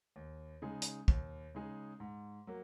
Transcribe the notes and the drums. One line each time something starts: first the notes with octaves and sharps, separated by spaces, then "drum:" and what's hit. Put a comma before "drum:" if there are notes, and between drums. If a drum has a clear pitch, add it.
D#2
C#3 G#3 D#4 G#4
drum: hi-hat
D#2, drum: kick
C#3 G#3 D#4 G#4
G#2
F#3 A#3